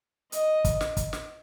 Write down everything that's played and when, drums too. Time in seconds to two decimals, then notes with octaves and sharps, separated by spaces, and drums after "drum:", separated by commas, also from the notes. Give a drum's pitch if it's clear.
0.32 D#5, drum: hi-hat
0.65 drum: kick, hi-hat
0.81 drum: snare
0.97 drum: kick, hi-hat
1.13 drum: snare